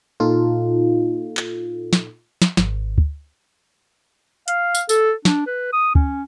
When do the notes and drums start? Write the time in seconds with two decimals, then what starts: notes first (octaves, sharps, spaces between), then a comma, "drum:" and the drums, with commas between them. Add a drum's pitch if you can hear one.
0.20 A#2 D#4 F4 A4
1.37 drum: clap
1.93 drum: snare
2.42 drum: snare
2.57 G#1, drum: snare
2.98 drum: kick
4.48 F5, drum: hi-hat
4.75 drum: tambourine
4.89 A4, drum: tambourine
5.25 D4, drum: snare
5.47 B4
5.73 D#6
5.95 C#4, drum: kick